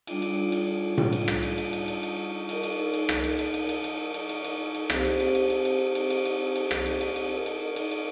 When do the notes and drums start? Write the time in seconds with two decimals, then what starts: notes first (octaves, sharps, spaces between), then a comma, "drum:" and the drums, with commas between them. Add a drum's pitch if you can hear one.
0.07 G3 D4 F4, drum: cymbal
0.22 drum: cymbal
0.52 drum: cymbal
0.98 drum: tom A2
1.13 drum: cymbal
1.28 drum: rim click
1.43 drum: cymbal
1.58 drum: cymbal
1.73 drum: cymbal
1.88 drum: cymbal
2.03 drum: cymbal
2.49 D#4 A#4 D#5, drum: cymbal
2.63 drum: cymbal
2.94 drum: cymbal
3.09 drum: rim click
3.24 drum: cymbal
3.39 drum: cymbal
3.54 drum: cymbal
3.69 drum: cymbal
3.84 drum: cymbal
4.14 drum: cymbal
4.29 drum: cymbal
4.44 drum: cymbal
4.75 drum: cymbal
4.90 C4 G4 C5 F5, drum: rim click
5.05 drum: cymbal
5.20 drum: cymbal
5.35 drum: cymbal
5.50 drum: cymbal
5.65 drum: cymbal
5.95 drum: cymbal
6.10 drum: cymbal
6.25 drum: cymbal
6.56 drum: cymbal
6.71 drum: rim click
6.86 drum: cymbal
7.01 drum: cymbal
7.16 drum: cymbal
7.31 D#4 A#4 D#5
7.46 drum: cymbal
7.76 drum: cymbal
7.91 drum: cymbal